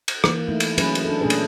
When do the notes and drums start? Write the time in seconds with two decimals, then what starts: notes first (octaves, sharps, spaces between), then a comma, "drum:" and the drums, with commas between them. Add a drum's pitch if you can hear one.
0.08 drum: cymbal
0.24 E3 A#3, drum: rim click
0.48 A3 D#4 E4
0.60 drum: cymbal
0.78 F#3 C#4 G#4 B4, drum: cymbal
0.95 drum: cymbal
1.05 D4 A4
1.21 A#2 A3 C#4 D4 G#4 B4
1.30 drum: cymbal